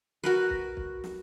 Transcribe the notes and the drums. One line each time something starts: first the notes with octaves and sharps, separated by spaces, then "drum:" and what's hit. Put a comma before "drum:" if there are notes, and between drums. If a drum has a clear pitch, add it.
F#4 A#4 B4, drum: snare
drum: kick
drum: kick
drum: snare